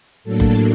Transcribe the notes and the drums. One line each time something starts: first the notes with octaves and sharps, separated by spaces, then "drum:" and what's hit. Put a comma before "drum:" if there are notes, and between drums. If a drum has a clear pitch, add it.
A2 F#3 A#3 D4 A4
drum: kick F#1